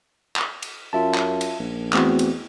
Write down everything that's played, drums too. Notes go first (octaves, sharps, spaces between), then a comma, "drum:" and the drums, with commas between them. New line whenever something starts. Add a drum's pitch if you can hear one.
drum: clap
drum: cymbal
F#2 F4 E5 A5
drum: clap
drum: cymbal
A#1
E2 A3 C4 F#4, drum: clap
drum: cymbal